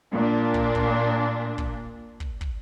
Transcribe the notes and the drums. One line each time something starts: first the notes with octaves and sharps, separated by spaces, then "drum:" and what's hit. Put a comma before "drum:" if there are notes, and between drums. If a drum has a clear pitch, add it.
A#2 D4
drum: kick
drum: kick
drum: kick
drum: kick
drum: kick